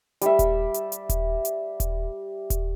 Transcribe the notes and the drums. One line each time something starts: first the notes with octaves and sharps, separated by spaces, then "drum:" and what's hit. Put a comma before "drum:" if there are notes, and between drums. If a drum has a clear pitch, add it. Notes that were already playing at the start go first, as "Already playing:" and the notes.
G3 E5, drum: hi-hat
drum: kick D#1, hi-hat
drum: hi-hat
drum: hi-hat
drum: kick D#1, hi-hat
drum: hi-hat
drum: kick D#1, hi-hat
drum: kick D#1, hi-hat